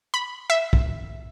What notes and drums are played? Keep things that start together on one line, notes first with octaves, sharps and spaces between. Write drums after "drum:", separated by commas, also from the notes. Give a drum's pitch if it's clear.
B5
E5
drum: kick